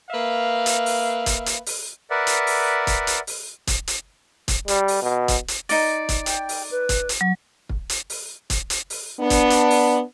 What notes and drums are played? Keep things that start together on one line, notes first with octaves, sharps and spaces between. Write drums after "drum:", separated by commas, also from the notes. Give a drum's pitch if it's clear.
A#3 B4 E5 F5
drum: hi-hat
drum: open hi-hat
drum: kick, hi-hat
drum: hi-hat
drum: open hi-hat
A#4 B4 D5 E5 F#5
drum: hi-hat
drum: open hi-hat
drum: kick, hi-hat
drum: hi-hat
drum: open hi-hat
drum: kick, hi-hat
drum: hi-hat
drum: kick, hi-hat
G3, drum: hi-hat
drum: open hi-hat
B2
drum: kick, hi-hat
drum: hi-hat
D#4 D5, drum: open hi-hat
drum: kick, hi-hat
G5, drum: hi-hat
drum: open hi-hat
B4
drum: kick, hi-hat
drum: hi-hat
F#3
drum: kick
drum: hi-hat
drum: open hi-hat
drum: kick, hi-hat
drum: hi-hat
drum: open hi-hat
B3 D4
drum: kick, hi-hat
drum: hi-hat
drum: open hi-hat